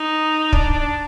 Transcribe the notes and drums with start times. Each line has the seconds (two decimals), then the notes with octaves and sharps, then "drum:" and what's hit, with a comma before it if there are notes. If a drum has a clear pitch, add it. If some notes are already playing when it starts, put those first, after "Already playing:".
Already playing: D#4
0.53 D4, drum: kick